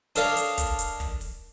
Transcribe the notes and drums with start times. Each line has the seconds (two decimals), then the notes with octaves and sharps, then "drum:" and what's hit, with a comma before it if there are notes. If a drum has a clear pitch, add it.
0.16 D4 A4 A#4 C#5 D#5 F5, drum: hi-hat
0.37 drum: hi-hat
0.58 drum: kick, hi-hat
0.79 drum: hi-hat
1.00 drum: kick, open hi-hat
1.21 drum: open hi-hat